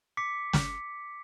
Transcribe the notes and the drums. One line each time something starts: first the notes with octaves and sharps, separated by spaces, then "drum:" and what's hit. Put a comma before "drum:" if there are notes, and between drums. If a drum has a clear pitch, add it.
D6 B6 C#7
drum: snare